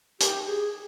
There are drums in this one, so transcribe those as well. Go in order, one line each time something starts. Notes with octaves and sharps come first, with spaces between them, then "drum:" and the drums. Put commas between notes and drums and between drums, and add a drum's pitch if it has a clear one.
G4, drum: hi-hat
G#4